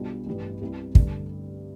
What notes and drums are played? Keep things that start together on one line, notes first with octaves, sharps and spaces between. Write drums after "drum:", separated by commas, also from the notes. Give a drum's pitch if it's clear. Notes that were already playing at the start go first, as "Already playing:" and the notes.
Already playing: B1 B2 G3 D4 F4
A1 G2 E3 G3 B3
C2 C3 G3 B3 E4
G2 D3 A3, drum: kick